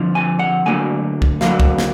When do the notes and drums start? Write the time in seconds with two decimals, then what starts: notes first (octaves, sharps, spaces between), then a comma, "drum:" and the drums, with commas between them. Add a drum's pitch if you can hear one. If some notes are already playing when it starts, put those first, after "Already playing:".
Already playing: F2 D3 F3
0.15 G#5
0.39 F#5
0.65 D2 D3 F#3 A#3 G#5
1.22 drum: kick C2
1.41 D2 D3 F#3 A#3 F5, drum: snare
1.60 drum: kick C2
1.78 drum: snare